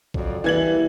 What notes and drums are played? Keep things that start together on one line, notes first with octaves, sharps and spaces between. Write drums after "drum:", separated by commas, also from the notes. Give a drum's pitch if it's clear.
F2 F#3 D5, drum: kick
E3 G3 A#3 E4 G#6 F#7